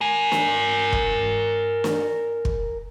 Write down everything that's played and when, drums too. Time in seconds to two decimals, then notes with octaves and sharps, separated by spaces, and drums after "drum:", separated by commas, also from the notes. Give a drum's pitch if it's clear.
0.01 A#4 G#5
0.32 drum: snare
0.93 drum: kick
1.84 drum: snare
2.45 drum: kick